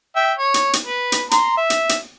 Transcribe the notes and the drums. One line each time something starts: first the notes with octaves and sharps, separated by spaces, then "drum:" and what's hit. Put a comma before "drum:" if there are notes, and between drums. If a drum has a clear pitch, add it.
E5 G5
C#5
drum: hi-hat
drum: hi-hat
B4
drum: hi-hat
A#5 C6, drum: hi-hat
E5
drum: hi-hat
drum: hi-hat